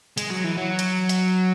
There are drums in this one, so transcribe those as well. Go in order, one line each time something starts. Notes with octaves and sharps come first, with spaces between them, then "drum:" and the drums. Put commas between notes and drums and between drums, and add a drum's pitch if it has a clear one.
G#3, drum: hi-hat
F#3
E3
F#3
drum: hi-hat
drum: hi-hat